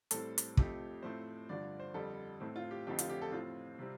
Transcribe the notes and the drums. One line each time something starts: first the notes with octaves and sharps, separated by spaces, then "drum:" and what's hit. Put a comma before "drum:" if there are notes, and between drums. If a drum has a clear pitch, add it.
A2 G3 C4 A4, drum: hi-hat
drum: hi-hat
F2 F3 A3 C4 G4, drum: kick
A2 F3 A3 C4 C5
G2 D3 F3 D5
C5
F2 D3 G3 A4
A2 A3 C4
F4
G4
F2 D3 F3 A3 C4 G4
F4, drum: hi-hat
G4
A4
A2 F3 C4 F4
C3 G3 C4